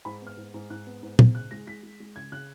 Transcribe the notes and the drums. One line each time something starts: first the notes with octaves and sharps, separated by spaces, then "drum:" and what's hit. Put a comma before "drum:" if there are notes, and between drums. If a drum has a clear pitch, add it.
G#2 B5
B3 F6
G#2
G#2
G#2 F#6
B3
G#2
G#2, drum: tom A#2
C#2 F#6
G#3 A#6
G#3 B6
G#3
G#3
C#2 G#6
C#3 F#6